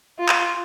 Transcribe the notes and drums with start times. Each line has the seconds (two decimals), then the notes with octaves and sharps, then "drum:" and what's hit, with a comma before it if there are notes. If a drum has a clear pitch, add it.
0.19 F4
0.29 drum: clap